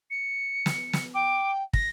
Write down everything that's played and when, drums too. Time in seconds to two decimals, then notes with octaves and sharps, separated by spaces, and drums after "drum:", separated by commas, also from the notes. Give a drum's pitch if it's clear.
0.11 C#7
0.66 drum: snare
0.93 drum: snare
1.14 G5 D6
1.73 A#6, drum: kick